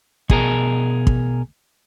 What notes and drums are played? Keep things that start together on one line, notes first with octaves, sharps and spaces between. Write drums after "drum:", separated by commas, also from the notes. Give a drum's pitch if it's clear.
B2 G#4 A#4, drum: kick
drum: kick